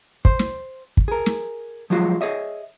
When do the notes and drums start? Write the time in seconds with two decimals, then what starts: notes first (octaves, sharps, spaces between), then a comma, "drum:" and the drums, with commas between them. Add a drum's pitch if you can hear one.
0.25 C5, drum: kick
0.39 drum: snare
0.97 drum: kick
1.08 G#4 A#4
1.26 drum: snare
1.90 F3 F#3 G#3 F4 F#4
2.21 G#4 C#5 D#5 E5